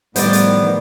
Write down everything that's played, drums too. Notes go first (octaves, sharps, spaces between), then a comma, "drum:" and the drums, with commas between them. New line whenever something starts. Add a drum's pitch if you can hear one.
A2 D#3 F3 G3 B3 C5 D5, drum: hi-hat
drum: hi-hat